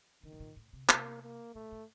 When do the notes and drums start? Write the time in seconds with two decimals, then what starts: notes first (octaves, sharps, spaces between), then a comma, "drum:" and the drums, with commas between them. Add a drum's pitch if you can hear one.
0.23 D3 D#3
0.32 A2
0.40 A#2
0.56 A2
0.73 C3
0.89 C3 A#3, drum: clap
1.23 A#3
1.54 A#2 A3
1.72 A2